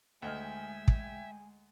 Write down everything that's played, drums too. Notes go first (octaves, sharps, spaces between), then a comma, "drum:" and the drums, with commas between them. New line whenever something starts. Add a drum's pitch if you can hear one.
D2 G#3 D#5 E5 G5 G#5 F6
drum: kick